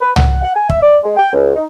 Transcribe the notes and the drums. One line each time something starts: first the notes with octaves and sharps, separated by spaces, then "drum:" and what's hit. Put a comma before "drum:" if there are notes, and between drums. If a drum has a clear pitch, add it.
B4
F#5, drum: tom
F#5
G#5
E5, drum: kick
D5
G#3
G5
C#2
D#4